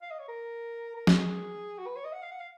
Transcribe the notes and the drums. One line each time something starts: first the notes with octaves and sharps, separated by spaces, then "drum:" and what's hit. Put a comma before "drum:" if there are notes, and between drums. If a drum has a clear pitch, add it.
F5
D#5
C#5
A#4
A#4
G#4, drum: snare
F#4
B4
C#5
D#5
F#5
F5
F#5
F5